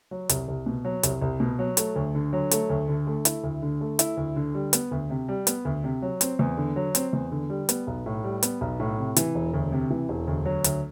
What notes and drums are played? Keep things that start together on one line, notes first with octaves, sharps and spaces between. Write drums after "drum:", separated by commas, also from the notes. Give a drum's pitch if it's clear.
F#3
C2, drum: hi-hat
C2
B2
F#3
C2, drum: hi-hat
C2
B2
F#3
A3, drum: hi-hat
D2
D3
F#3
A3, drum: hi-hat
D2
D3
A3
E4, drum: hi-hat
D2
D3
A3
E4, drum: hi-hat
D2
D3
G3
B3, drum: hi-hat
D2
C3
G3
B3, drum: hi-hat
D2
C3
F#3
C4, drum: hi-hat
E2
D3
F#3
C4, drum: hi-hat
E2
D3
G3
B3, drum: hi-hat
B1
A2
G3
B3, drum: hi-hat
B1
A2
C3
E3, drum: hi-hat
E1
D2
C3
E3
E1
D2
F#3
D2, drum: hi-hat